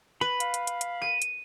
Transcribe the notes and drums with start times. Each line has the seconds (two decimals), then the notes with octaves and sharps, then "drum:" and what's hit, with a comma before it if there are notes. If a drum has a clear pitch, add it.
0.21 B4 B5
0.40 F5, drum: hi-hat
0.54 drum: hi-hat
0.67 drum: hi-hat
0.81 drum: hi-hat
1.02 D#7
1.22 drum: hi-hat